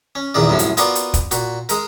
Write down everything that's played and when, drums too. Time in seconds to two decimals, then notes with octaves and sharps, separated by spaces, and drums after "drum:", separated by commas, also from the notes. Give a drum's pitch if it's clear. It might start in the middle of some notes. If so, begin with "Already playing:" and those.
0.15 C#4
0.34 A#1 E2 A#2 D#3 A#4 D5
0.49 C2 F#2 A2 F3
0.59 drum: hi-hat
0.77 B3 F4 F#4 A#4 D5 G#5, drum: hi-hat
0.95 drum: hi-hat
1.14 drum: kick, hi-hat
1.31 A#2 F#4, drum: hi-hat
1.69 G#3 A#4, drum: hi-hat